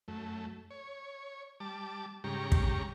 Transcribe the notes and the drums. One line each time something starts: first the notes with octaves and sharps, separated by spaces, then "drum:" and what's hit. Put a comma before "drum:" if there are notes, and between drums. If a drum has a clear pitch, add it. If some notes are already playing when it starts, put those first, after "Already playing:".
F#2 A3
C#5
G3 A5 D6
G#2 C#3 G3 G4 A#5 C#6
drum: kick